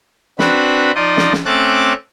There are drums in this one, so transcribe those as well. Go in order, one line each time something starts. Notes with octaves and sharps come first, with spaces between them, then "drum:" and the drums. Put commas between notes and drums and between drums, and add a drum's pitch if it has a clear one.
C4 D4 F#4 B4 B5, drum: snare
F3 D#4 F4 D5 D#5
drum: snare
drum: snare
A3 C4 C#4 D6 F#6 A6